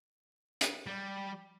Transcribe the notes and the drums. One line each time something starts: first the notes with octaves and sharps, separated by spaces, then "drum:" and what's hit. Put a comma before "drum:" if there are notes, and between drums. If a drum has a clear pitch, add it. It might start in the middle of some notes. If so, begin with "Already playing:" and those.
drum: hi-hat
G3